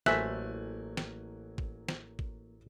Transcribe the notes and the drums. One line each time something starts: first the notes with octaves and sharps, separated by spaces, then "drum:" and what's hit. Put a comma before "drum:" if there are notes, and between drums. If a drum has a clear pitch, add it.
A1 F#3 A3 A#3 C5 E5 G#5 F#6, drum: snare
drum: snare
drum: kick
drum: snare
drum: kick